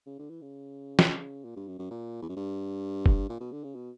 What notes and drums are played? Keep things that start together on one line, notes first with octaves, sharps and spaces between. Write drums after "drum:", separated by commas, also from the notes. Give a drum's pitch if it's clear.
C#3
D3
E3
C#3
drum: snare
A#2
G2
F#2
F#2
A#2
E2
F#2
G2
drum: kick
A#2
B2
D3
C#3
B2